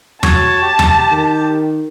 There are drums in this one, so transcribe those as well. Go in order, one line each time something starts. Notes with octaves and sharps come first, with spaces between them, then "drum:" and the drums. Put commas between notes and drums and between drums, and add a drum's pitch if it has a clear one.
F#4 C#5 A5, drum: tom E2
G4
drum: tom E2
D#3